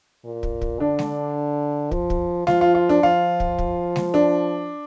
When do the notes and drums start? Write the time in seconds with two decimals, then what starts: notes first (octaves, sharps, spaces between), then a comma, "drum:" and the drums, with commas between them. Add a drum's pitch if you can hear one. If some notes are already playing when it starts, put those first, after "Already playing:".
0.25 A#2
0.43 drum: kick
0.62 drum: kick
0.80 D3 D4
0.99 drum: snare G#3
1.91 F3, drum: kick
2.10 drum: kick
2.47 F3 F4, drum: snare G#3
2.61 F4
2.75 F4
2.89 D4
3.03 F3 F4
3.40 drum: kick
3.59 drum: kick
3.96 drum: snare G#3
4.14 D4